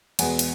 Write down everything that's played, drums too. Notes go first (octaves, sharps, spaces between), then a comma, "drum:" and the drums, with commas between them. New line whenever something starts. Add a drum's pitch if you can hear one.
E2 B2 G#3 B3 F#5 G#5, drum: cymbal
drum: cymbal